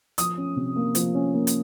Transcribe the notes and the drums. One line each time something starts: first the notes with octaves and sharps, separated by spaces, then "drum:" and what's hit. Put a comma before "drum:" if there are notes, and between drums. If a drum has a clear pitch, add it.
F3 D#6, drum: hi-hat
C#4
C3
A#3
F3, drum: hi-hat
C#4
A#3
drum: hi-hat